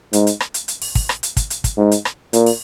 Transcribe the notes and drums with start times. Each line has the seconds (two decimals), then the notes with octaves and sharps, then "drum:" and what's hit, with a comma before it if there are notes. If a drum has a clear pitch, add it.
0.13 G#2, drum: hi-hat
0.27 drum: hi-hat
0.40 drum: rim click
0.54 drum: hi-hat
0.68 drum: hi-hat
0.82 drum: open hi-hat
0.95 drum: kick, open hi-hat
1.09 drum: rim click
1.23 drum: hi-hat
1.37 drum: kick, hi-hat
1.50 drum: hi-hat
1.64 drum: kick, hi-hat
1.78 G#2
1.91 drum: hi-hat
2.05 drum: rim click
2.33 A#2, drum: hi-hat
2.46 drum: open hi-hat